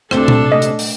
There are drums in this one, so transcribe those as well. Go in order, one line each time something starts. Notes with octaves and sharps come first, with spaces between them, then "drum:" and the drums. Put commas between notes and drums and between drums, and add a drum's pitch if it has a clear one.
D2 C3 C4 D4 A4 G7, drum: rim click
drum: tom A#2
A3 D#5
drum: hi-hat
drum: open hi-hat